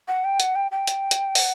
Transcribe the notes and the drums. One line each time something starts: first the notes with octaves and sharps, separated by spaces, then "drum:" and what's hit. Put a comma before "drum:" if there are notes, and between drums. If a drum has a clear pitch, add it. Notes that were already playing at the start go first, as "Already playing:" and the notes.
F#5
G5
F#5, drum: hi-hat
G5
G5
drum: hi-hat
drum: hi-hat
F#5, drum: open hi-hat